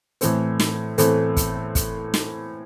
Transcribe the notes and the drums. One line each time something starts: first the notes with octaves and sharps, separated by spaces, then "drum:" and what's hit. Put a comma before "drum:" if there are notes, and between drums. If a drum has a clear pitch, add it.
A2 E3 A3 C4, drum: hi-hat
drum: snare
A2 E3 A3 C4, drum: hi-hat
drum: kick, hi-hat
drum: kick, hi-hat
drum: snare